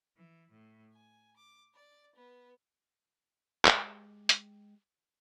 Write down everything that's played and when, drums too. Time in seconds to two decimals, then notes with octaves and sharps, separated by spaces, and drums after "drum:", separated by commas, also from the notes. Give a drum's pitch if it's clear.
0.16 E3
0.51 A2
0.93 G#5
1.37 D6
1.73 D5
2.15 B3
3.65 G#3 G4, drum: clap
4.29 drum: hi-hat